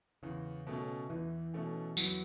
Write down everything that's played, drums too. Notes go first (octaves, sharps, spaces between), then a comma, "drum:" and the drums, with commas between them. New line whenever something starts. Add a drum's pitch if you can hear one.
E2 C#3
B2 A3 C#4
E2 E3
B2 A3 C#4
E2 F#3, drum: tambourine